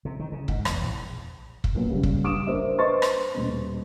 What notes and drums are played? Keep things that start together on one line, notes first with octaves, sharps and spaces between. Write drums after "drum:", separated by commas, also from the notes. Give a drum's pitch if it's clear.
C3
D#3
C#3
G#2, drum: kick
E2, drum: rim click
A#1
drum: kick
A#2 F#3 B3
C#3 G3
drum: kick
G2 D6 D#6 D7 E7
D4 A#4 C5 E5
B4 C5 D#5 C6 C#6 A6
drum: rim click
D#1 B2